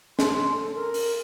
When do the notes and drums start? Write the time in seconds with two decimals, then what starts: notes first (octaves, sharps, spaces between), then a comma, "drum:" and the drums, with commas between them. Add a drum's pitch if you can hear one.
0.19 C6, drum: snare
0.52 A4
0.75 A#4
0.94 drum: open hi-hat